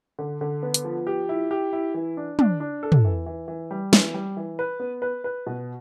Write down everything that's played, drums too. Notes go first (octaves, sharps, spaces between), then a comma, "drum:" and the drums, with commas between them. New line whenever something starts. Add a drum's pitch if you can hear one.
D3
D3
B3
drum: hi-hat
F3
G4
E4
G4
E4
E3
D4
D4, drum: tom
D4
A4
drum: tom
E3
E3
E3
G3
E3, drum: snare
G3
E3
B4
B3
B4
B4
B2